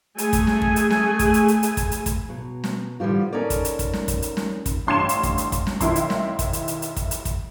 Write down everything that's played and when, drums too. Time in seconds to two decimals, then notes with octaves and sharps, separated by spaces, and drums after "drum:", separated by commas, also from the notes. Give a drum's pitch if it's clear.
0.18 A3 G#4 G#5, drum: hi-hat
0.33 drum: kick, hi-hat
0.47 drum: snare
0.62 drum: kick
0.76 drum: hi-hat
0.90 drum: snare
1.19 drum: kick, hi-hat
1.34 drum: hi-hat
1.48 drum: hi-hat
1.63 drum: hi-hat
1.77 drum: kick, hi-hat
1.91 drum: hi-hat
2.06 drum: kick, hi-hat
2.29 B2 F#3
2.64 drum: snare
3.00 D3 E3 F3 G3 F4
3.33 C#4 D#4 A4 A#4 C#5 D5
3.50 drum: kick, hi-hat
3.65 drum: hi-hat
3.79 drum: kick, hi-hat
3.93 drum: snare
4.08 drum: kick, hi-hat
4.22 drum: hi-hat
4.37 drum: snare
4.66 drum: kick, hi-hat
4.87 A1 G2 C6 C#6 G#6 E7
5.09 drum: hi-hat
5.23 drum: kick, hi-hat
5.38 drum: hi-hat
5.52 drum: kick, hi-hat
5.67 drum: snare
5.81 B1 D#3 E4 C6, drum: kick, hi-hat
5.95 drum: hi-hat
6.10 drum: snare
6.39 drum: kick, hi-hat
6.53 drum: hi-hat
6.68 drum: hi-hat
6.82 drum: hi-hat
6.96 drum: kick, hi-hat
7.11 drum: hi-hat
7.25 drum: kick, hi-hat